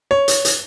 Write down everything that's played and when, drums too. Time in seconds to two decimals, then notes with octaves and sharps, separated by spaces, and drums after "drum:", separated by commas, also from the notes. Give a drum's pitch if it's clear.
0.11 C#5
0.28 drum: hi-hat
0.45 drum: hi-hat